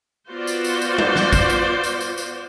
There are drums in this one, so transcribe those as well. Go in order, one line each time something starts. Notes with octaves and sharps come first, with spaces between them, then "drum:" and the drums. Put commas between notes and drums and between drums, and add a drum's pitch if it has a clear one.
B3 F4 F#4 C5 D5
drum: tambourine
drum: tambourine
drum: tambourine
drum: tom G3
drum: snare
drum: kick, tambourine
drum: tambourine
drum: tambourine
drum: tambourine
drum: tambourine